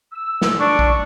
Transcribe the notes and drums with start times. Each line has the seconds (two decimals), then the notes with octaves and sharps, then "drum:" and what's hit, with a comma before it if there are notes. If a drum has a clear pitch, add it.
0.12 E6
0.41 drum: snare
0.60 D4 C#6
0.79 drum: kick A#1